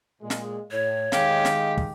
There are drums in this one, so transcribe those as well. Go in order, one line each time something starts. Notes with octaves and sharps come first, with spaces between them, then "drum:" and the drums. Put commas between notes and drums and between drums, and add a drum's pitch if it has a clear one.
A#2 G#3
drum: snare
A2 C#5
D#3 G#3 G4 F5, drum: snare
drum: snare
drum: kick